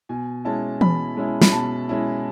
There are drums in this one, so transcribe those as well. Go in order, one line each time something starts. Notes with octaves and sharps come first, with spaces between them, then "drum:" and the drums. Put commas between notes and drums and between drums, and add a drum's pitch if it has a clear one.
B2 G#5
G#3 C#4 E4 A5
B2 B5, drum: tom E3
G#3 C#4 E4
B5, drum: snare
B2 A5
G#3 C#4 E4